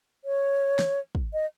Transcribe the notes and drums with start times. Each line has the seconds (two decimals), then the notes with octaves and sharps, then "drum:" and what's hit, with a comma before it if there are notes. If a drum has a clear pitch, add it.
0.25 C#5
0.79 drum: snare
1.15 drum: kick
1.33 D#5